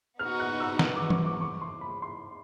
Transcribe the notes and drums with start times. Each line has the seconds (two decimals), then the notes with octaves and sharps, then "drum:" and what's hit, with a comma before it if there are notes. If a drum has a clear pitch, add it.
0.19 B3 D#4 F#4 F6
0.40 F#6
0.60 E6
0.79 drum: snare
0.96 D6
1.10 C#6, drum: tom E3
1.26 D6
1.41 C#6
1.61 C6
1.81 B5
2.02 C6